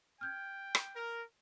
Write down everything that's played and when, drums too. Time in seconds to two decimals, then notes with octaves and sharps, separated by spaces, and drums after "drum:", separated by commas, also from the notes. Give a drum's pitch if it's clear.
0.21 G5 F6 G6 G#6
0.75 drum: rim click
0.95 A#4